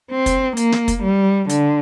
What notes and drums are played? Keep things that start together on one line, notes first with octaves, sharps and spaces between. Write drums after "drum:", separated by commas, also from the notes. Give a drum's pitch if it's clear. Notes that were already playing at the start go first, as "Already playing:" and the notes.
C4
drum: kick, hi-hat
A#3, drum: hi-hat
drum: snare
drum: kick, hi-hat
G3
D3, drum: hi-hat